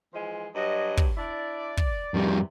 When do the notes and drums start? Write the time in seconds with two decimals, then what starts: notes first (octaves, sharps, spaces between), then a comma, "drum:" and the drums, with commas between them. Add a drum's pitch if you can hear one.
0.13 E3 F3 G#3
0.55 G2 F#3 D#5
0.97 drum: kick
1.17 D4 E4 D5
1.77 drum: kick
2.14 F2 C3 D#3 E3 G3